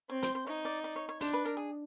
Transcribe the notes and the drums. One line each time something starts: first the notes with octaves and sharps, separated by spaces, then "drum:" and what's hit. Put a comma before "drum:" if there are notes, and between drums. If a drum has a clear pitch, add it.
C4 C#5
C5, drum: hi-hat
C5
D#4 C#5
D5
D5
C#5
C#5
D4 C5, drum: open hi-hat
B4
A#4
G#4